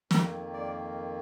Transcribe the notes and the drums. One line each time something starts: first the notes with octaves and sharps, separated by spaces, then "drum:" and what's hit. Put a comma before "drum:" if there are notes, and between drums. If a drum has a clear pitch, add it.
F2 D#3 A#3 A#4, drum: snare
D5